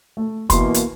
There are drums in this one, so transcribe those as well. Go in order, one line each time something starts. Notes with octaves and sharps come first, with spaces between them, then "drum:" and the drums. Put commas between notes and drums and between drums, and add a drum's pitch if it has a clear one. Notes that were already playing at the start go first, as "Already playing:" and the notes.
A3
B2 E3 A#3 C6, drum: kick, hi-hat
drum: hi-hat